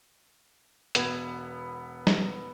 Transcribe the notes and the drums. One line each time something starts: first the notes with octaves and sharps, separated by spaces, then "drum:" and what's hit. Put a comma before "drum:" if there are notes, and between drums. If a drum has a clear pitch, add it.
E1 B3 G#6, drum: hi-hat
drum: snare